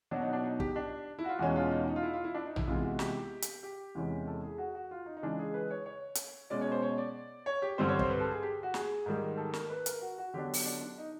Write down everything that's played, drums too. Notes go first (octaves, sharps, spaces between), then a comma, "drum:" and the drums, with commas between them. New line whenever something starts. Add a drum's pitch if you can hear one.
B2 F#3 B3 D4 F#4
D#4
D4
D#4
G4, drum: kick
D4
E4
F#4
F4
E2 B2 G#3 C#4 F#4
F4
D#4
D#4
F4
E4
F4
E4
D4
D#4
E4, drum: tom A#1
C3 E3 G#3 B3 F4
F#4
G4, drum: snare
drum: hi-hat
G4
E2 C3 E3 G#3 C#4
A4
G#4
F#4
F#4
F4
D#4
D#4
C#3 E3 G#3 D4
G#4
B4
C#5
C#5
drum: hi-hat
B2 G#3 C#4 D5
C#5
C5
C#5
D5
C#5
G4
G2 D3 G3 C4 C5
C#5
C5, drum: kick
B4
A4
G#4
G4
F#4
G#4, drum: snare
G#2 D#3 G3
A4
A#4, drum: snare
B4
A#4, drum: hi-hat
F#4
F#4
D3 F#3 B3 D4 G4
drum: open hi-hat
D4
D4
D#4